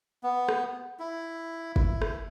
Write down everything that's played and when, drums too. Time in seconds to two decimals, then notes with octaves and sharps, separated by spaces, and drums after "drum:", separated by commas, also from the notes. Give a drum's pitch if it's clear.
0.23 B3
0.49 drum: rim click
0.99 E4
1.76 E4, drum: kick
2.02 drum: rim click